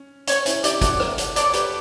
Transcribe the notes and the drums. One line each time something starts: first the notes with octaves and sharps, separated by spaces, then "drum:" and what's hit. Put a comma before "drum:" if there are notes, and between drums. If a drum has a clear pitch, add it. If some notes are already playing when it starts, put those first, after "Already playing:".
Already playing: C#4
C#4 C#5, drum: hi-hat
C#4 E4, drum: hi-hat
E4 G4 D5, drum: hi-hat
F#4 A4, drum: kick, hi-hat
drum: rim click
drum: hi-hat
A4 C#5 D5, drum: hi-hat
C#5
G4 B4, drum: hi-hat